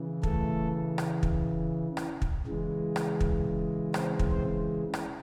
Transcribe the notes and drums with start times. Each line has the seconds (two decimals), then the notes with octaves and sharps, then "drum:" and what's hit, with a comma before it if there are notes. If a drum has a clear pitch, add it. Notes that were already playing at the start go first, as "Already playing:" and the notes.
Already playing: C#3 E3
0.23 A3 A4, drum: kick
0.98 drum: rim click
1.23 drum: kick
1.97 drum: rim click
2.22 drum: kick
2.46 C#3 E3 G#3
2.96 drum: rim click
3.20 drum: kick
3.94 C4 C5, drum: rim click
4.19 drum: kick
4.31 C4 C5
4.94 drum: rim click